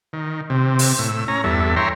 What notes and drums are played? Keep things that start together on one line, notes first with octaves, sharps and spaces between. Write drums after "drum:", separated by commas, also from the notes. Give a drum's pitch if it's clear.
D#3
C3
drum: open hi-hat
A2 E6
C#4 A#5
E2 G2 A4 E5
C#5 E5 G5 A#5 C6